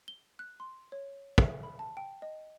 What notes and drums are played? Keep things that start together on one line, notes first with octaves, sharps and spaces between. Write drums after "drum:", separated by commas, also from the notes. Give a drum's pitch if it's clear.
G7
F#6
C6
C#5
E5, drum: kick
B5
A5
G5
D#5